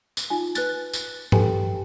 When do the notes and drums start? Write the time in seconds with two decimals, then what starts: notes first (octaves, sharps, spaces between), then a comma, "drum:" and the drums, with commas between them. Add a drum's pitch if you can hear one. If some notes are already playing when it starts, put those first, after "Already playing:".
0.17 drum: tambourine
0.30 D#4 F4 G#5
0.55 B4 F#6 A6, drum: tambourine
0.93 drum: tambourine
1.32 G4 A4 B4 G5 G#5, drum: tom G2